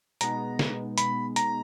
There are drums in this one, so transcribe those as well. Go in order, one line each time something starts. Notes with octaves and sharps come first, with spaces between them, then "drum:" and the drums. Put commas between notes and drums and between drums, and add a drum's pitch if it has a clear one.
B2 G#3 B3 D#4 A#5, drum: hi-hat
drum: snare
B5, drum: hi-hat
A#5, drum: hi-hat